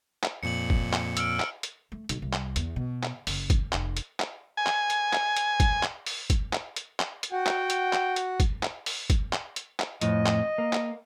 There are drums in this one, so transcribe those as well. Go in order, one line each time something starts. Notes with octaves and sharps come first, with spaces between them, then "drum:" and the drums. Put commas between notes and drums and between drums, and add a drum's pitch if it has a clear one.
drum: clap
F2 A#2 C#7 F#7
drum: kick
drum: clap
E6 F6 D7, drum: hi-hat
drum: clap
drum: hi-hat
A3
B1, drum: hi-hat
C2
drum: clap
E2, drum: hi-hat
B2
drum: clap
F#1, drum: open hi-hat
drum: kick, hi-hat
F1, drum: clap
drum: hi-hat
drum: clap
G#5
drum: clap
drum: hi-hat
drum: clap
drum: hi-hat
drum: kick, hi-hat
drum: clap
drum: open hi-hat
drum: kick, hi-hat
drum: clap
drum: hi-hat
drum: clap
drum: hi-hat
F#4 F#5 G5
drum: clap
drum: hi-hat
drum: clap
drum: hi-hat
drum: kick, hi-hat
drum: clap
drum: open hi-hat
drum: kick, hi-hat
drum: clap
drum: hi-hat
drum: clap
F2 A2 D#5, drum: hi-hat
drum: clap
A#3
drum: clap